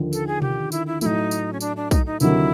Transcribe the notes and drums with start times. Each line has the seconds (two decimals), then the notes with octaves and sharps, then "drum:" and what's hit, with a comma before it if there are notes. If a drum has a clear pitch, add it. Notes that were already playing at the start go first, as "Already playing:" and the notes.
Already playing: D#2 D3 F3
0.13 A4, drum: tambourine
0.27 G#4
0.42 G4, drum: tom B2
0.72 E4, drum: tambourine
0.87 E4
1.01 A2 F#3 A3 D#4 E4, drum: tambourine
1.31 drum: tambourine
1.53 C#4
1.60 D4, drum: tambourine
1.77 D4
1.91 D#4, drum: kick B1, tambourine
2.06 D#4
2.20 D2 C3 D#3 F#3 E4, drum: tambourine